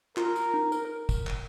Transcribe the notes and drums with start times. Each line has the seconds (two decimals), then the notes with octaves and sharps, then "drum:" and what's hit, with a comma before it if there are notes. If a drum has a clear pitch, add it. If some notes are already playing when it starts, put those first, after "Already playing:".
0.17 F4 A#4, drum: clap
0.36 drum: tambourine
0.54 D#4
0.72 A#4, drum: tambourine
0.85 A#4
1.09 drum: kick, tambourine
1.27 drum: clap